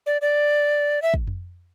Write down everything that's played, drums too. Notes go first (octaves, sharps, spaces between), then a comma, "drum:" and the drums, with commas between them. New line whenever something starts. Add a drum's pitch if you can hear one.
D5
D5
E5
drum: kick
drum: tom F2